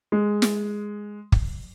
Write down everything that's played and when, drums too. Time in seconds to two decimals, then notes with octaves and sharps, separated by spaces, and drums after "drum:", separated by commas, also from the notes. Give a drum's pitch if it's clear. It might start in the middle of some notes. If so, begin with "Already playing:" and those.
0.12 G#3
0.42 drum: snare
1.32 drum: kick